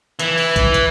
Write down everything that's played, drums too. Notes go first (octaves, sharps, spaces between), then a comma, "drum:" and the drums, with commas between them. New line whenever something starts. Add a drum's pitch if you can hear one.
E3, drum: hi-hat
drum: open hi-hat
drum: kick, hi-hat
drum: hi-hat